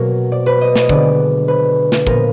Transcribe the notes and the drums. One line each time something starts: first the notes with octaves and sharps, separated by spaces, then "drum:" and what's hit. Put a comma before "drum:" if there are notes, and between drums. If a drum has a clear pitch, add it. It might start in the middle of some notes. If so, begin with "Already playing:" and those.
Already playing: B2 F#3 A#3 A#4
D5
B4
D#5
D#5, drum: snare
D3 G#3 B3 D5, drum: kick
B4
drum: snare
A#2 F3 B3 A#4, drum: kick